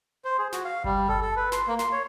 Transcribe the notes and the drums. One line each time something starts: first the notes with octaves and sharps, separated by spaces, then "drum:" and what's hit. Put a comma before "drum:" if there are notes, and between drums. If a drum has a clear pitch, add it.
C5
G#4
F#4, drum: snare
F5
G3, drum: kick G1
A4, drum: kick G1
A4
B4
C6, drum: snare
A#3
C6, drum: snare
C#5